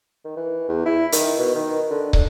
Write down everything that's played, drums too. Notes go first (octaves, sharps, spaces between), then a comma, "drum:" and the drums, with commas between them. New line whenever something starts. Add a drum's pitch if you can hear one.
D#3
E3
E2
E4
D#3, drum: hi-hat
B2
D#3
D3
D4, drum: kick